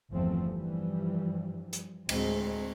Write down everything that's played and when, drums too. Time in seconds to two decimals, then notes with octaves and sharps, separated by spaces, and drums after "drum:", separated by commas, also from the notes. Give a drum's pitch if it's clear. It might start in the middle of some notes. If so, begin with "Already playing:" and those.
0.11 G1 E2 E3 F3 A3 C4
0.49 G2 E3 F3 G3
1.73 drum: hi-hat
2.09 D2 A2 G#3 C4, drum: cymbal